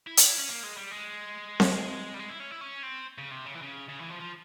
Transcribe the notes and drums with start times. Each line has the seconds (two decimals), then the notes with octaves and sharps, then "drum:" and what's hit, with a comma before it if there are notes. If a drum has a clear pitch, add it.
0.07 E4
0.17 F4, drum: hi-hat
0.28 E4
0.38 C#4
0.48 A#3
0.63 G#3
0.77 G3
0.91 G#3
1.60 drum: snare C4
2.14 G3
2.19 G#3
2.29 E4
2.40 C#4
2.51 E4
2.61 C#4
2.83 C4
3.18 C#3
3.31 C3
3.46 C#3
3.55 E3
3.62 C#3
3.89 C#3
3.99 E3
4.10 F3
4.20 F3